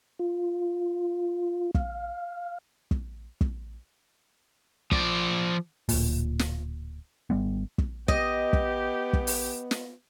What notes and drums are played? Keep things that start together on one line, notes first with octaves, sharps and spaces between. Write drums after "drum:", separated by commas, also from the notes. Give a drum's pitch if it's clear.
F4
F5, drum: kick
drum: kick
drum: kick
F3 D5, drum: kick
D1 A#2, drum: open hi-hat
drum: snare
G#1 G3 B3
drum: kick
B3 G4 D#5, drum: kick
drum: kick
drum: kick
drum: open hi-hat
drum: snare